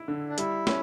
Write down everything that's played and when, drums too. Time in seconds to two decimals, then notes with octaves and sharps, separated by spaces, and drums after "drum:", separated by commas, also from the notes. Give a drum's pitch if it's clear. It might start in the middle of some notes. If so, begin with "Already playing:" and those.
Already playing: E4
0.08 D3
0.29 D4
0.38 G3 E4, drum: hi-hat
0.67 C#4, drum: snare